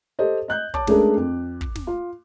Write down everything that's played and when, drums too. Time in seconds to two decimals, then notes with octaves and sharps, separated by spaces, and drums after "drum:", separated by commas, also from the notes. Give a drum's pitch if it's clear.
0.19 G4 A4 C5 D#5
0.48 D#5 F#6 G6
0.74 C#5 A5 D6, drum: kick
0.87 G#3 A3 C#4 D4 G#4 A#4, drum: snare
1.17 F2
1.61 drum: kick
1.76 drum: snare
1.87 F4